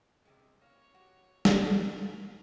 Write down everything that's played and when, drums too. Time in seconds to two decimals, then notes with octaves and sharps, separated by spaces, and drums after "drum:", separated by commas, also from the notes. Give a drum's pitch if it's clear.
0.25 C3 G3 G#3
0.61 A#3 C#5
0.94 F#4 G4 F#5
1.45 drum: snare
1.62 A#4 D#5
2.07 B6 F7